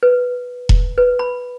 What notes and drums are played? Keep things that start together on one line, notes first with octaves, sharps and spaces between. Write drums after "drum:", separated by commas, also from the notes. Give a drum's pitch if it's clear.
B4
drum: kick E1
B4
B5